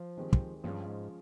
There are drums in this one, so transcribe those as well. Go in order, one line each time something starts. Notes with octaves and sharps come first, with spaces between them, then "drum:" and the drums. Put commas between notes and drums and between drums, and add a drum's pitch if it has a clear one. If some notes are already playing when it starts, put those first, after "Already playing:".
Already playing: F3
D#3 G#3 C4 G4
drum: kick
G2 F3 G#3 C#4 F4
G#2